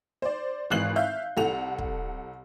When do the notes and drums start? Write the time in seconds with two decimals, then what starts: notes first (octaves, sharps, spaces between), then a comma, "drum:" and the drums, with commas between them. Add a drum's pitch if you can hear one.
0.22 C5 D5
0.70 G#1 E3 G#3 F#6 C7 F#7
0.96 E5 F5 G6
1.37 C2 A4 F#5 F7
1.78 drum: kick